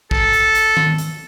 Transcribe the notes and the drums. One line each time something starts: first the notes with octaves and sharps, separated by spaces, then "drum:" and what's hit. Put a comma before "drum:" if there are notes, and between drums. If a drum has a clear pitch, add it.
A4, drum: kick
drum: hi-hat
drum: hi-hat
drum: tom D#3
drum: hi-hat